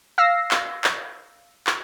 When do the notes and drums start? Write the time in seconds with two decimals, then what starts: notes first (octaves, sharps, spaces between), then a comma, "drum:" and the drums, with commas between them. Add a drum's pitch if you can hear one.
0.18 F5 E6 A#6 C7
0.51 drum: clap
0.84 drum: clap
1.67 drum: clap